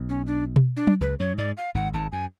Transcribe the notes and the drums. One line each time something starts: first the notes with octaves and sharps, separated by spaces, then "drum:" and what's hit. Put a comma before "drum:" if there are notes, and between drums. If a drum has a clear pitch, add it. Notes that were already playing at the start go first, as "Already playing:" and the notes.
Already playing: B1 B2
C#4
D4
drum: tom B2
D4
drum: tom F#3
C#2 C#3 B4
F#2 F#3 C#5
G#2 G#3 D5
F5
G#1 G#2 F#5
G#1 G#2 A5
F#2 G#5